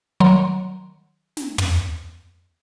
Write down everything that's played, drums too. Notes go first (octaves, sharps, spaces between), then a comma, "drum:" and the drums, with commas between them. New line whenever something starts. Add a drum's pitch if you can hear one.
D#3 F#3 A#5 C6
drum: snare
drum: tom